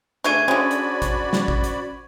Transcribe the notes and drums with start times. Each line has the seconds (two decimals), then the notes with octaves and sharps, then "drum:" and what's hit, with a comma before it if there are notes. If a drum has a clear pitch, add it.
0.24 C#3 A3 D4 C#6 G#6 D#7
0.48 D3 G#3 C#4 F#4 C5 D5 B5
0.71 drum: hi-hat
1.02 drum: kick, hi-hat
1.33 drum: snare
1.48 drum: kick
1.64 drum: hi-hat